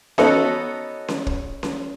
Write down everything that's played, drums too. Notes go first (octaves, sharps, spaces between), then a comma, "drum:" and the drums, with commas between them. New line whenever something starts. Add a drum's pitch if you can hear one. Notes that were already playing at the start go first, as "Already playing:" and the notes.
B3 C#4 D#4 F#4 A4 B4, drum: snare C#4
drum: snare C#4
drum: kick
drum: snare C#4